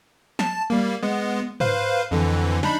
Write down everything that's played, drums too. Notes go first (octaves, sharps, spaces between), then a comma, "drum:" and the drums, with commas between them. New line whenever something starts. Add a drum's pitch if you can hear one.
A5, drum: snare
G3 A#3
G#3 B3
B4 C5 F5, drum: tom G#2
F2 D3 E3
D4 D#4 B5, drum: snare